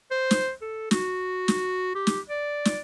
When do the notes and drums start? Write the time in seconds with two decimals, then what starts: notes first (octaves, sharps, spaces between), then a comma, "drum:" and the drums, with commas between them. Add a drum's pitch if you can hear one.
0.11 C5
0.31 drum: snare
0.62 A4
0.91 F#4, drum: snare
1.48 drum: snare
1.95 G4
2.07 drum: snare
2.29 D5
2.65 drum: snare